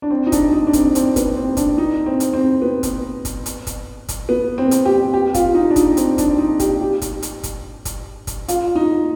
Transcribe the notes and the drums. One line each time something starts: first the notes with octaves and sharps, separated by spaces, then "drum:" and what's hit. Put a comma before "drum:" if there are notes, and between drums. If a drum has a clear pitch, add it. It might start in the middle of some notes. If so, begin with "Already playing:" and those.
D4
C4
D#4
D4, drum: kick, hi-hat
D#4
D4
C4, drum: kick, hi-hat
C4, drum: hi-hat
B3, drum: kick, hi-hat
C4
D4, drum: kick, hi-hat
D#4
C4
drum: hi-hat
C4
B3
drum: kick, hi-hat
drum: kick, hi-hat
drum: hi-hat
drum: kick, hi-hat
drum: kick, hi-hat
B3
C4
drum: hi-hat
G4
G4
F4, drum: kick, hi-hat
D#4
D4
D#4, drum: kick, hi-hat
C4, drum: hi-hat
D4, drum: kick, hi-hat
D#4
G4, drum: kick, hi-hat
G4
drum: kick, hi-hat
drum: hi-hat
drum: kick, hi-hat
drum: kick, hi-hat
drum: kick, hi-hat
F4, drum: hi-hat
D#4